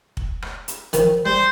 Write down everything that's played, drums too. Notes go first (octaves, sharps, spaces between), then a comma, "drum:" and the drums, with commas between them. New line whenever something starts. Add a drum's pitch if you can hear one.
drum: kick
drum: rim click
drum: hi-hat
D#3 F3, drum: hi-hat
G3 C5